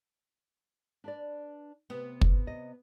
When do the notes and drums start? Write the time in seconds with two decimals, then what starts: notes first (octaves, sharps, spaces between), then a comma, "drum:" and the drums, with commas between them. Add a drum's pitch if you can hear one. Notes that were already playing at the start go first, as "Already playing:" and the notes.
1.04 D4 B4 D5
1.90 C3 B3
2.21 drum: kick
2.46 C3 D#5